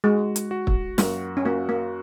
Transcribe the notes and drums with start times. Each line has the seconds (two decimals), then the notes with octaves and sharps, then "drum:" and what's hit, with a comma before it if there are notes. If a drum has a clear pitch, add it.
0.04 G#3 F#4
0.36 drum: hi-hat
0.51 F#4
0.67 drum: kick
0.98 F#2 A#3, drum: snare
1.37 C#4
1.45 A#3 F#4
1.69 A#3